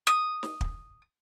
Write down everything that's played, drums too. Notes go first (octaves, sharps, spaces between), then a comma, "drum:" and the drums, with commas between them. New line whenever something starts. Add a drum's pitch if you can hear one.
D#6
drum: snare
drum: kick